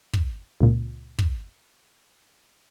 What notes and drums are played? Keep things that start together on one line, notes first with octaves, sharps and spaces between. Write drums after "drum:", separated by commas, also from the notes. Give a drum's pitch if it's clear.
drum: kick
C#2 A#2
drum: kick